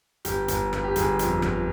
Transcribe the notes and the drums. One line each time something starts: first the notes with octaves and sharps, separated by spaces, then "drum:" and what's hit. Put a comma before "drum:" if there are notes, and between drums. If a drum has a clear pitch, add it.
G1 G4, drum: hi-hat
G1, drum: hi-hat
G1, drum: rim click
G4
G1 G#4, drum: hi-hat
F2, drum: hi-hat
G1, drum: rim click